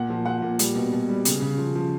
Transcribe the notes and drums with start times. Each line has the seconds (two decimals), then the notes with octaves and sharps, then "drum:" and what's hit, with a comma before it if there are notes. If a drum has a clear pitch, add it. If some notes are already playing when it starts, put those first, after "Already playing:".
Already playing: A#2 F#5
0.10 F3
0.26 F3 F#5
0.42 A#2
0.59 G3, drum: hi-hat
0.76 B2
0.92 B2
1.09 G3
1.25 C#3, drum: hi-hat
1.42 C#3
1.58 F3
1.75 F3